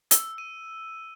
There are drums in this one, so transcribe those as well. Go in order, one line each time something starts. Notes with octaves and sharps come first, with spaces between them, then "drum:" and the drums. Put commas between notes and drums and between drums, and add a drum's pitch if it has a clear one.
E6, drum: hi-hat
D#7